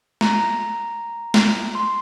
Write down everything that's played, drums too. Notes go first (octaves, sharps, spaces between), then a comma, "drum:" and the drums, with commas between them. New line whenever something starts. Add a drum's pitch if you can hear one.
A#5, drum: snare
drum: snare
C6